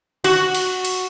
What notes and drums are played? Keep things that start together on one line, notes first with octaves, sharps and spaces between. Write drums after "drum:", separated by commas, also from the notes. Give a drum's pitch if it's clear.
F#4, drum: cymbal
drum: cymbal
drum: cymbal